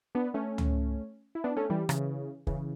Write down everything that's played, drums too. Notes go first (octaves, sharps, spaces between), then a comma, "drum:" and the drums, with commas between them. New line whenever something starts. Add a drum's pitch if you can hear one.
B3 D4
A3 C#4
drum: tom C#2
E4
B3 D4
A3 C#4
E3 G3
C#3 E3, drum: rim click
C#3 E3, drum: kick